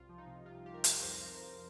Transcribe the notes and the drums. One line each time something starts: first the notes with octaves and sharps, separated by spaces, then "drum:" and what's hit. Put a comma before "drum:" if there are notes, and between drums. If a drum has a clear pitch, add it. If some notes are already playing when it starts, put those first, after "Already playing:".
Already playing: C2 F4
F3
D#4
C3
C3 F4
C3 G4
A#4
C2, drum: hi-hat
F2 C5
A#4
F3 C5
A#4
F3